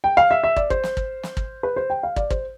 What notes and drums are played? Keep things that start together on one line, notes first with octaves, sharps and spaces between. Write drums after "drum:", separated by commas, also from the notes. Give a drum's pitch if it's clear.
G5
F5
E5
E5
D5, drum: kick
C5, drum: kick
drum: snare
drum: kick
drum: snare
drum: kick
B4
C5
G5
F5
D5, drum: kick
C5, drum: kick